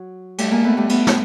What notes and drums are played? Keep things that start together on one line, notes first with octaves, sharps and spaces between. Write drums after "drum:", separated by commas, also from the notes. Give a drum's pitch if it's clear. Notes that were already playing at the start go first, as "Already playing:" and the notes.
Already playing: F#3
G3 A3, drum: cymbal
G#3 A#3
A3 B3
G3 A3
A3 B3, drum: cymbal
drum: snare